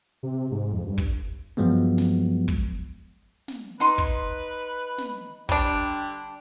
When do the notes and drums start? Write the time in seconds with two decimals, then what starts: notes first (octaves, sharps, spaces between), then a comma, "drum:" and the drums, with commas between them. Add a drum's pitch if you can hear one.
0.23 C3
0.51 G#2
0.73 F2
0.87 G2
0.98 drum: kick
1.57 G2 F3 F#3 G#3 B3
1.98 drum: snare
2.48 drum: kick
3.48 drum: snare
3.80 D#4 B4 C6
3.98 drum: kick
4.98 drum: snare
5.49 D3 G3 D4 G4, drum: kick